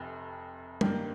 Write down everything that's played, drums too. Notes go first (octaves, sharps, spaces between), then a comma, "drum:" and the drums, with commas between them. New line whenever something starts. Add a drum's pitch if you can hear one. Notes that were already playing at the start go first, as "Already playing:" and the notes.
Already playing: F1 F2 C3
G2 D#3 A#3, drum: tom